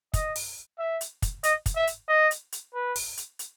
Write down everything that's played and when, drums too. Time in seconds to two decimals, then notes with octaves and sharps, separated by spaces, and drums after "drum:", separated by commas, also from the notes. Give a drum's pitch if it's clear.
0.14 D#5, drum: kick, hi-hat
0.36 drum: open hi-hat
0.79 E5
1.01 drum: hi-hat
1.22 drum: kick, hi-hat
1.43 D#5, drum: hi-hat
1.66 drum: kick, hi-hat
1.76 E5
1.87 drum: hi-hat
2.08 D#5
2.31 drum: hi-hat
2.52 drum: hi-hat
2.74 B4
2.96 drum: open hi-hat
3.17 drum: hi-hat
3.39 drum: hi-hat